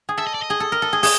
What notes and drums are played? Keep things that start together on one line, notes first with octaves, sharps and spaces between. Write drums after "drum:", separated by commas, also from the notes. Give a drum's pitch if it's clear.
G#4
A4 E5
D#5
D5
D#5
G#4
A4
A#4
A4
G#4
G#4, drum: open hi-hat